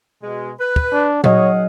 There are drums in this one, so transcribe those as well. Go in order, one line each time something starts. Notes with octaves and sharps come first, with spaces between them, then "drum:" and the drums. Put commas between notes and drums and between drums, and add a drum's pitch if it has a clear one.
B2 G#3
B4
drum: kick
D4
F#3 G#4 C#5 D#5 F5 F#5, drum: tom A#2